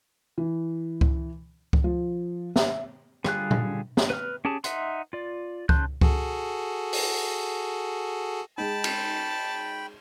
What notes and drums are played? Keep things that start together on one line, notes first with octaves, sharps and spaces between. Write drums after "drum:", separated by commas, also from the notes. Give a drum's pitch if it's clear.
E3
drum: kick C#2
drum: kick C#2
F3
E5, drum: snare
D3 G3 F4 G#4 F#6, drum: rim click
drum: tom A#2
drum: snare
B4 F6
C#4 G4 G#4 A5
D#4 E5 F#5 C6, drum: hi-hat
F4 D5
C#3 A5 C6 F#6 G6, drum: kick C#2
F#4 G#4 A4, drum: kick C#2
drum: open hi-hat
G#3 D#4 G5 A5 B5
drum: cymbal